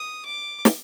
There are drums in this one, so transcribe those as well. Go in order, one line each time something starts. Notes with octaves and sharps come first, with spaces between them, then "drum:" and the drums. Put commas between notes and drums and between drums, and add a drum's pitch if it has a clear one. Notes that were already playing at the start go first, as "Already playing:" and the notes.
Already playing: D#6
D6
drum: snare